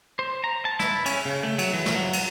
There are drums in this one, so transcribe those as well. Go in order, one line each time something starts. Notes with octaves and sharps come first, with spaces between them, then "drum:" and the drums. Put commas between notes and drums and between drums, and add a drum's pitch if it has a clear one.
C5
A#5
A5
E4, drum: snare
C#4, drum: cymbal
C#3
A3
F#3, drum: cymbal
E3
drum: snare
F#3
drum: cymbal